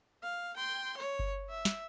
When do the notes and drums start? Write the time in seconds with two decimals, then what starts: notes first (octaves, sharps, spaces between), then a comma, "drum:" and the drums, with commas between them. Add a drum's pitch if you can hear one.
0.23 F5
0.56 G5 C6
0.97 C#5
1.19 drum: kick G1
1.50 E5
1.65 drum: snare